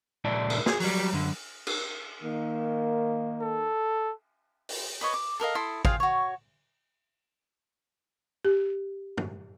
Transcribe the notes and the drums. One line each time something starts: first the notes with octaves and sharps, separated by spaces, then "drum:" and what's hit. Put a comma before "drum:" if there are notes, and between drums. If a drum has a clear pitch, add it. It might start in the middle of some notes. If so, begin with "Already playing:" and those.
C#2 A#2 E4 D5 A5
drum: cymbal
G#4, drum: snare
F#3 G3, drum: open hi-hat
F#2 D3
drum: cymbal
D#3 A#3
A4
drum: open hi-hat
B4 C#5 D#5 B5
D6
A4 A#4 D#5 F5
E4 A4 C6 D#6
F4 G#4 F5 G5, drum: kick
F#4 C#5
G4
drum: tom